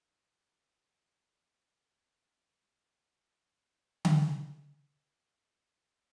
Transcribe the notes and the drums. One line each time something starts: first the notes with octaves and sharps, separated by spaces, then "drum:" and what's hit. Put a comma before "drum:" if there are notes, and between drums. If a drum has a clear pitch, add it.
B2 E3 A3
D6
B4
A5 C6
A3 F#4 G#4 A4 B4 C5
F3
D#3 A#3 F4 G4 D5
drum: tom D3